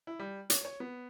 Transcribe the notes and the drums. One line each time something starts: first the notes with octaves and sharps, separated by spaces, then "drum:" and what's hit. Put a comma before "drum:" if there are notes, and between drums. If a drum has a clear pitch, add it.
E4
G3
C#5, drum: hi-hat
C#5
B3